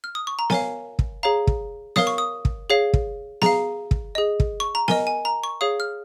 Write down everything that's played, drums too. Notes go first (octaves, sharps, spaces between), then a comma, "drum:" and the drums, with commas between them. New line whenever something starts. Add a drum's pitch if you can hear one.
F6
D#6
C#6
A#5
A#4 C#5 F5 G#5, drum: snare B3
drum: kick
G#4 C#5 F5 A#5
drum: kick
A#4 C#5 F5 D#6, drum: snare B3
C#6
D#6
drum: kick
G#4 C#5 F5
drum: kick
G#4 F5 A#5, drum: snare B3
drum: kick
G#4 D#5
drum: kick
C#6
A#5
A#4 D#5 G#5, drum: snare B3
G#5
A#5
C#6
G#4 C#5 F5 D#6
F6